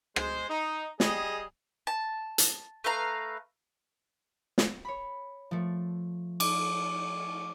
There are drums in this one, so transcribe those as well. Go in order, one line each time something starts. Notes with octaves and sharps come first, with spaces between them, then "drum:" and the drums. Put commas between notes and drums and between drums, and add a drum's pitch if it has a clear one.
G#3 C5, drum: rim click
D#4
G3 G#4 D#5, drum: snare
A5
drum: hi-hat
A3 B4 F5 A#5
drum: snare
C#5 B5
F3 A3
D6, drum: cymbal